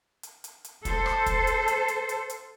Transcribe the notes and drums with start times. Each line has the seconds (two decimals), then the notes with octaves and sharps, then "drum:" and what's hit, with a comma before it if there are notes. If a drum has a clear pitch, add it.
0.23 drum: hi-hat
0.44 drum: hi-hat
0.64 drum: hi-hat
0.85 A4 C5, drum: kick, hi-hat
1.06 drum: rim click
1.26 drum: kick, hi-hat
1.47 drum: hi-hat
1.68 drum: hi-hat
1.88 drum: hi-hat
2.09 drum: hi-hat
2.30 drum: hi-hat